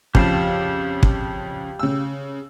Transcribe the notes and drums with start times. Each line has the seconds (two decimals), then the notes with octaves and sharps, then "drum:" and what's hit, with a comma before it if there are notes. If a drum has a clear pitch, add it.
0.15 F2 C#3 F3 G4 F5 A5, drum: kick
1.03 drum: kick
1.79 C#3 E6